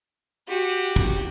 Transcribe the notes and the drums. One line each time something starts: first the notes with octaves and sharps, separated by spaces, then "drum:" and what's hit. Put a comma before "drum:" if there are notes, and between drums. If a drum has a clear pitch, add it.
F#4 G4
drum: kick